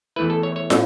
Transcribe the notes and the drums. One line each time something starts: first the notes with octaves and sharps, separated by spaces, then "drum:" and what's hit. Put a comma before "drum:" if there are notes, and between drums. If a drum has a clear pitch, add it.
E2 E3 A3 E4 B4
A4
C#5
C#5
A2 F#3 C#4, drum: snare